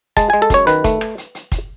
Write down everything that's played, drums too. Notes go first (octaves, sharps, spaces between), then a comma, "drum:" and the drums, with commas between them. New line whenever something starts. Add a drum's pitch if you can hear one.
G#3 A5, drum: kick, hi-hat
G#3 G#5
A4
F#2 C#5, drum: kick, hi-hat
D#3 B4, drum: hi-hat
A3, drum: kick, hi-hat
drum: rim click
drum: hi-hat
drum: hi-hat
drum: kick, hi-hat